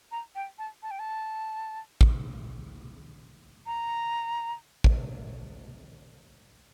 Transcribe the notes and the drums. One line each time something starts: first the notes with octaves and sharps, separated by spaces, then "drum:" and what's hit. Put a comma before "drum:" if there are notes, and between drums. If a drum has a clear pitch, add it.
A#5
G5
A5
A5
G5
A5
drum: kick
A#5
drum: kick